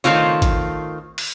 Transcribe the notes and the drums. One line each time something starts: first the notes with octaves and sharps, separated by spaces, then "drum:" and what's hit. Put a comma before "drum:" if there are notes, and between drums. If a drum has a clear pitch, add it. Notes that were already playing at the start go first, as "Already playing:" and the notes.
D#3 A3 C4 F4 C#5
drum: kick G#1, hi-hat
drum: open hi-hat